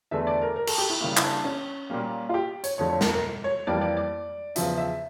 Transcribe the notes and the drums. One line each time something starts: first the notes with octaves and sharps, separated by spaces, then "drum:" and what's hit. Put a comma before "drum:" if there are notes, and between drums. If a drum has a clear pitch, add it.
E2 D3 A3 E5
D5
A#4
A#4
A4, drum: cymbal
G4
E4
C#3 G3 A#3 E4
E4, drum: clap
D4
C#4
A#2 G3 A#3
F4
G4
C#5, drum: hi-hat
F2 D3 F3 A3 C#5
C#5
A#4, drum: snare
A#4
C#5
F2 E3 G3 A#3 D5
D5
D5
E2 C#3 F3 E5, drum: hi-hat
E5